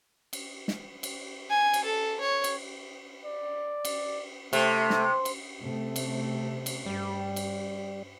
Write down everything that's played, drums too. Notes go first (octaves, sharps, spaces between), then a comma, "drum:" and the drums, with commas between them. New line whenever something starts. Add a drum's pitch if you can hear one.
drum: cymbal
drum: snare
drum: cymbal
G#5
drum: cymbal
A4
C#5
drum: cymbal
D5
drum: cymbal
C3 A3, drum: cymbal
drum: snare
drum: cymbal
C3 A3
drum: cymbal
drum: cymbal
G2 G3
drum: cymbal